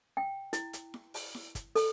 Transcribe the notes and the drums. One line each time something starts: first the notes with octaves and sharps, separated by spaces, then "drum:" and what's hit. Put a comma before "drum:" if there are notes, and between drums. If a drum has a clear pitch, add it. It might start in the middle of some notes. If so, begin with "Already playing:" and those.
G5
E4, drum: hi-hat
drum: hi-hat
drum: snare E4
drum: open hi-hat
drum: snare E4
drum: kick, hi-hat
A4, drum: open hi-hat